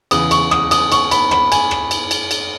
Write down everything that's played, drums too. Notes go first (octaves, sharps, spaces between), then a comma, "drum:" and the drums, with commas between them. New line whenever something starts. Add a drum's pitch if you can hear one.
E2 C#3 E3 D#6, drum: cymbal
C#6, drum: cymbal
D#6, drum: rim click
D#6, drum: cymbal
C#6, drum: cymbal
B5, drum: cymbal
B5, drum: rim click
G#5, drum: cymbal
drum: rim click
drum: cymbal
drum: cymbal
drum: cymbal